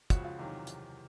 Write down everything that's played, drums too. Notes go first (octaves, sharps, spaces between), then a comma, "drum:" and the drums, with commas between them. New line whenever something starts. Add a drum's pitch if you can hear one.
C#2 C#3 F3 F#4, drum: kick, hi-hat
F4
E2 C3 D#3 F#3
drum: hi-hat